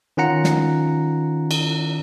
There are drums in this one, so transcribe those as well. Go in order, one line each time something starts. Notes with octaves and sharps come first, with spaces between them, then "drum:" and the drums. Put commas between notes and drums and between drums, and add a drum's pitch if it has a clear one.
D#3 C#4 F4 F#5 A#5 C#7
drum: snare
drum: cymbal